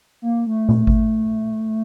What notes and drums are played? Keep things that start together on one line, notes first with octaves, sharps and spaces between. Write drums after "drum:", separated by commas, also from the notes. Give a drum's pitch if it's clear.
A#3
A3
drum: tom A#2
drum: kick G#1